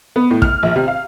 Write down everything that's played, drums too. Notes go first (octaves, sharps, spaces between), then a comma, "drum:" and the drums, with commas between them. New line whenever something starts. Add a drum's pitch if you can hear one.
B3
A2
F6, drum: kick
A#1
C3
F5